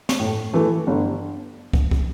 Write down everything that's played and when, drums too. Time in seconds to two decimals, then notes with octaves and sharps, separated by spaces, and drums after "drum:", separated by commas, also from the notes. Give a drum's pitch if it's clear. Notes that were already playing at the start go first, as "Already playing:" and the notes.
0.09 drum: snare
0.20 A2
0.53 E3 A3
0.87 G1
1.73 drum: kick
1.91 drum: kick